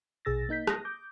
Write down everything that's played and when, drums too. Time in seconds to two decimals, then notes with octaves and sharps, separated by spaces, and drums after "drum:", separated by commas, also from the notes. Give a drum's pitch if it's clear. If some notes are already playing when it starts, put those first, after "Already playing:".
0.25 A#1 B2 G#4 E6 A6 A#6
0.49 A#3 D#4 G6 B6
0.67 D#6 A#6, drum: rim click
0.85 D6 G6